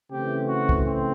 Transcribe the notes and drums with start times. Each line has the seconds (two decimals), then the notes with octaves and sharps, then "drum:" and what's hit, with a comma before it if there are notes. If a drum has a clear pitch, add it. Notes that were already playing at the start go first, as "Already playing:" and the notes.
0.10 C#3 E3 A3 C4 G4
0.47 F#4
0.69 drum: kick
0.83 C4